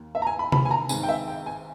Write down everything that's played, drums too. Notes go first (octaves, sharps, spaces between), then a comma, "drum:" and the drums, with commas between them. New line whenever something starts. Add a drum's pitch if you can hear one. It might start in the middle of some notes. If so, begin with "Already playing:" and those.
Already playing: D#2 D#3 A#3
E5
A#5
G#5
B5
B5, drum: tom C3
G#5
A#5
G#1 G#2 D#3 G#3 G#5, drum: tambourine
G5
E5
G5
G#5